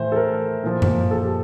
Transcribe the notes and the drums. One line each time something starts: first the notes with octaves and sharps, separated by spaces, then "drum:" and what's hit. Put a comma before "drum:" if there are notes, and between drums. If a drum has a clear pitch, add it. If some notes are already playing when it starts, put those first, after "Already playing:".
Already playing: A2 E3 C5
A4
A#4
A#2 F3
drum: tom F#2
A4
G4